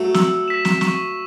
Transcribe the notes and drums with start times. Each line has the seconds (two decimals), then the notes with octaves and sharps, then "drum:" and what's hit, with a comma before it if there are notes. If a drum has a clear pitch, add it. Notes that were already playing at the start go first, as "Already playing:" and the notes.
Already playing: F#3 A3
0.14 E6, drum: snare
0.48 B6 E7
0.65 drum: snare
0.81 C#6, drum: snare